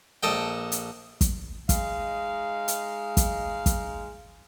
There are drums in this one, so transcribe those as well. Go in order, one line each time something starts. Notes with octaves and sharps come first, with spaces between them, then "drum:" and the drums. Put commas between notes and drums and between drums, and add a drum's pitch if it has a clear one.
A#1 A4 D#5 G5
drum: hi-hat
drum: kick, hi-hat
G#3 D#4 F5, drum: kick, hi-hat
drum: hi-hat
drum: kick, hi-hat
drum: kick, hi-hat